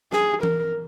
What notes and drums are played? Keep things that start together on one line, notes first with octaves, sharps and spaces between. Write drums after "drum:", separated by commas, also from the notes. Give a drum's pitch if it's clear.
G#4, drum: snare
A#4, drum: tom E3